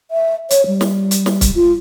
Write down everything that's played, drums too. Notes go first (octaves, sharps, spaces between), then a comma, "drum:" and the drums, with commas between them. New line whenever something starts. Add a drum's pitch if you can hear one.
E5
C#5, drum: hi-hat
G3
drum: snare
drum: hi-hat
drum: snare
drum: kick C#1, hi-hat
F4